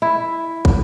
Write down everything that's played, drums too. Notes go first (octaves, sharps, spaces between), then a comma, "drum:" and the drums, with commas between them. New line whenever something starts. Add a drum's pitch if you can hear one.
E4
drum: kick